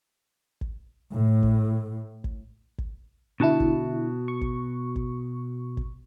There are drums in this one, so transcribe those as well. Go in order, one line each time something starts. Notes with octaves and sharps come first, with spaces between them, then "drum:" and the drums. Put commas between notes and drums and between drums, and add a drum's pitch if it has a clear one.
drum: kick
A2
drum: kick
drum: kick
drum: kick
B2 D3 E4 F#4 A5
drum: kick
C#6
drum: kick
drum: kick
drum: kick